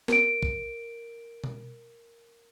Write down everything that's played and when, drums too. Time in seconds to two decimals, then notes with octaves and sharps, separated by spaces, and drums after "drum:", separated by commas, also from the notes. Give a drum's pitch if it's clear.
0.08 A#4 D7, drum: snare
0.43 drum: kick
1.44 drum: tom B2